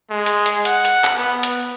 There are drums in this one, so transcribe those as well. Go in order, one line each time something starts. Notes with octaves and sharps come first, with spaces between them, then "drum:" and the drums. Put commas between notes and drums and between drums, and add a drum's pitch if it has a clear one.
G#3
drum: hi-hat
drum: hi-hat
F#5, drum: hi-hat
drum: hi-hat
drum: clap
B3
drum: hi-hat